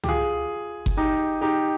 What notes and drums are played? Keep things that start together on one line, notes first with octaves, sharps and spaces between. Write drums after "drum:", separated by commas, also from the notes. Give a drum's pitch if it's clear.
G4, drum: tom
F4 G#4
drum: kick F#1
D#4 G4
D#4 G4